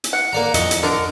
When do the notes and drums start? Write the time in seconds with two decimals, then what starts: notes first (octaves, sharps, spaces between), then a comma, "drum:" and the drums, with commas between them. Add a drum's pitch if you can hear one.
0.04 drum: hi-hat
0.13 F#5
0.33 A#3 D5 A#5
0.54 F2 D#5 C#6, drum: hi-hat
0.71 drum: hi-hat
0.83 D3 D4 A#4